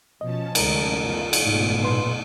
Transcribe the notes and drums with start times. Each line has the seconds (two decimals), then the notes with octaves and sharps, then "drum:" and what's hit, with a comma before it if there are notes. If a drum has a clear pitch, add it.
0.21 B2 F3 C#4 D#5 A5
0.55 D2 C3 G#3 A#4, drum: cymbal
1.01 F#2 C#3 A3 B3 F4
1.33 drum: cymbal
1.46 F#1 G#2 B2 B3
1.83 A#2 B4 C6